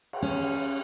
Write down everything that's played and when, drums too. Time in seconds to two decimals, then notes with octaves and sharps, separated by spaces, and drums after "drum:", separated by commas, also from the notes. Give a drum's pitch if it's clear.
0.13 drum: cymbal
0.22 C#4